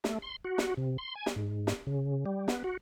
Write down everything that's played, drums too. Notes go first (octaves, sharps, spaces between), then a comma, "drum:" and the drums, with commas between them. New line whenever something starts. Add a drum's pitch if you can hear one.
A3, drum: snare
C6
F#4
drum: snare
C3
C6
G#5
drum: snare
G#2
drum: snare
C#3
G3
B3, drum: snare
F#4